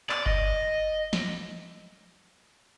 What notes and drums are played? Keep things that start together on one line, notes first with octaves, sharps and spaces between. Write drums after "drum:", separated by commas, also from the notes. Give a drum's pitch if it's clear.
D5, drum: clap
D#5, drum: kick F#1
drum: snare